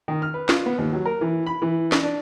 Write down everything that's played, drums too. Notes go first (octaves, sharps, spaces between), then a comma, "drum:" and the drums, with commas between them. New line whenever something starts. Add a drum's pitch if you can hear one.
D#3
F6
B4
F4, drum: snare
B3
D#2
F#3
A#4
E3
B5
E3
drum: snare
D4